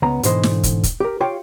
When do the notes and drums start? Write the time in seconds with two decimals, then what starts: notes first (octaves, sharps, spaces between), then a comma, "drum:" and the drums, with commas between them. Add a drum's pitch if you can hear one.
0.02 C#2 B3 A#5
0.23 G#2 B2 D3 E3 C5 D#5, drum: hi-hat
0.43 drum: snare
0.63 drum: kick, hi-hat
0.83 drum: kick, hi-hat
1.00 G4 A#4
1.21 F4 G4 C#5 F5 G5